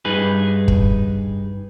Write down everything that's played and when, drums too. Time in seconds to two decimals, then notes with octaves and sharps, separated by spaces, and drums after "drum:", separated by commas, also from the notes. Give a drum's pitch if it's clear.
0.05 G2 D#4 G#4 B4
0.68 drum: kick